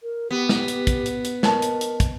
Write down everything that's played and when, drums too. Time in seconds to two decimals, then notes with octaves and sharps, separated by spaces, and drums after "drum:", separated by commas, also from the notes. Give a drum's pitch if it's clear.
0.03 A#4
0.31 B3 G4
0.49 drum: snare
0.68 drum: hi-hat
0.87 drum: kick, hi-hat
1.06 drum: hi-hat
1.25 drum: hi-hat
1.43 A#4 C#5 D#5 A5, drum: snare
1.62 drum: hi-hat
1.81 drum: hi-hat
2.00 drum: kick, hi-hat